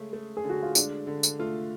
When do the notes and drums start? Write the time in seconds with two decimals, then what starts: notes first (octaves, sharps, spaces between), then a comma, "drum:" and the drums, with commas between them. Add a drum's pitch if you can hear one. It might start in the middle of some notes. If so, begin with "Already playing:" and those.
Already playing: C#3 G#3 A3
0.13 A3
0.37 G#4
0.44 D3
0.49 F#4
0.63 F4
0.75 G#3 D4, drum: tambourine
1.07 D3
1.23 drum: tambourine
1.39 A3 F4